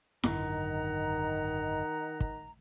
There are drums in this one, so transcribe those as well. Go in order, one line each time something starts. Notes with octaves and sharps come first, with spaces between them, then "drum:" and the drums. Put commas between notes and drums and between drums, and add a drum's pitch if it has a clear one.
G#1 F#2 D3 D#3 D#5 F#5 A#5, drum: snare E4
drum: kick